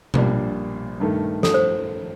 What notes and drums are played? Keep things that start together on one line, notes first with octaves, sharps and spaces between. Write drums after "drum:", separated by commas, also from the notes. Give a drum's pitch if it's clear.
A#1 A#2 G3 D4, drum: tom B2
G2 D#3 A3
A4, drum: snare
C5